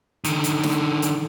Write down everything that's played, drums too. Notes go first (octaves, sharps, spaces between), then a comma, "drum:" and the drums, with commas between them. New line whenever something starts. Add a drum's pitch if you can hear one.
D3 D#3, drum: hi-hat
drum: hi-hat
drum: snare
drum: hi-hat